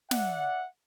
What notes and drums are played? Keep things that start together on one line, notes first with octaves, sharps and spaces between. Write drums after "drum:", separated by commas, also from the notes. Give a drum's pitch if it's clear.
D5 E5 F#5, drum: snare